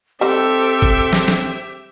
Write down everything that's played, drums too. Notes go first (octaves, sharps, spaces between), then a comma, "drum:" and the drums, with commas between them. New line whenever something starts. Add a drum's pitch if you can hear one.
G3 C4 D#4 G4 A4 C5 E5
drum: kick F#1
drum: snare
drum: snare